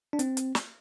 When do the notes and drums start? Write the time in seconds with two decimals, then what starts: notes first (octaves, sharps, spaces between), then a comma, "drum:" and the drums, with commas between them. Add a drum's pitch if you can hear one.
0.13 D4
0.19 C4, drum: hi-hat
0.37 drum: hi-hat
0.55 drum: snare